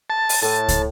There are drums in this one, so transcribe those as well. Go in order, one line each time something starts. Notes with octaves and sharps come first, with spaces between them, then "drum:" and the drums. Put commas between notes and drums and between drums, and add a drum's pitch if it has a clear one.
A5
drum: open hi-hat
A2 A5
drum: kick, hi-hat